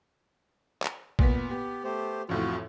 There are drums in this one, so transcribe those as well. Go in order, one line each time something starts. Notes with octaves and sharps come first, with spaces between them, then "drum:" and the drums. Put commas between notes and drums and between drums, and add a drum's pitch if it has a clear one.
drum: clap
A#2 B3 B6, drum: kick
B3 G4
A3 G4 C5
A1 F2 A2 F4 F#4